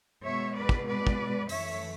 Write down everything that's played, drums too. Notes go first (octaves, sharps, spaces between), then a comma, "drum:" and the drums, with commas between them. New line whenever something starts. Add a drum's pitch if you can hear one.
B2 G#3 C#5 E5
B4 D5
drum: kick
B4 D5
drum: kick
F#2 E3 A3 C#5 E5, drum: open hi-hat